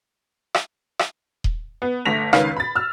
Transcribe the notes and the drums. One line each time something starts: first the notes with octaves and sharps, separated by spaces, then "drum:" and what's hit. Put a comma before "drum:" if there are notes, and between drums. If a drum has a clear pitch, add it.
drum: rim click
drum: rim click
drum: kick D#1
B3
G1 A3 A#6 B6 F7
C#2 D#3 C#4 B4 F5, drum: rim click
B5 A6
E6 F6